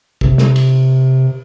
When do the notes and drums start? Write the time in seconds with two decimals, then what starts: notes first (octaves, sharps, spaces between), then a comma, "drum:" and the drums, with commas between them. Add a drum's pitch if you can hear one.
0.21 C3, drum: kick
0.38 drum: snare
0.56 drum: cymbal